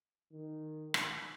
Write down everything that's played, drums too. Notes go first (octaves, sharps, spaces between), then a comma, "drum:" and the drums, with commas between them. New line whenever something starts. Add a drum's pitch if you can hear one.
D#3
drum: rim click